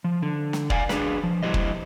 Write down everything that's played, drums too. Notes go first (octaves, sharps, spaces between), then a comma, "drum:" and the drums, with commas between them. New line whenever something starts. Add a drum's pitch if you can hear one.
F3
D3
drum: snare
D5 F5 G#5, drum: kick
D4 G#4 B4, drum: snare
F3
G3 E4 G4 C5 D#5
drum: kick